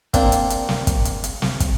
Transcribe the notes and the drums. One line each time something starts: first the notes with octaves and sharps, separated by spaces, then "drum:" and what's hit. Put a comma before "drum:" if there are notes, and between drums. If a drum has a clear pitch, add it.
A#3 C4 D4, drum: kick, hi-hat
drum: hi-hat
drum: hi-hat
drum: snare
drum: kick, hi-hat
drum: hi-hat
drum: hi-hat
drum: snare
drum: kick, hi-hat